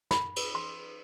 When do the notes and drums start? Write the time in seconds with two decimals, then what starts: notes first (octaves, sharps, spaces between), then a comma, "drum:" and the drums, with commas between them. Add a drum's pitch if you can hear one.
0.11 B5, drum: snare
0.36 drum: cymbal
0.55 C6